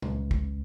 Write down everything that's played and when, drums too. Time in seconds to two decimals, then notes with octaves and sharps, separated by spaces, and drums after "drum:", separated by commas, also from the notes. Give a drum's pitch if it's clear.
0.02 C#2, drum: tom A#2
0.31 drum: kick